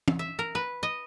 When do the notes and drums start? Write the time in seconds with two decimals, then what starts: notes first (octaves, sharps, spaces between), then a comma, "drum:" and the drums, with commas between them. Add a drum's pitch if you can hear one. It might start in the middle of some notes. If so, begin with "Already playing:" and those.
0.08 drum: tom
0.19 E5
0.39 A#4
0.55 B4
0.83 D#5